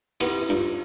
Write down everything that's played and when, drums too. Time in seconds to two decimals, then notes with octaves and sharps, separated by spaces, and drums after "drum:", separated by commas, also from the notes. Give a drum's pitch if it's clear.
0.20 B3 E4 G4, drum: cymbal
0.41 E4
0.49 G2 D4 F4